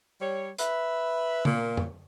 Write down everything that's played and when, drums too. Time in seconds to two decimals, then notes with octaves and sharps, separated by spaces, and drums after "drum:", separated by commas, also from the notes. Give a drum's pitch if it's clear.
0.20 G3 C#5
0.59 B4 E5, drum: hi-hat
1.45 A#2 A#3, drum: tom C#3
1.77 drum: tom F2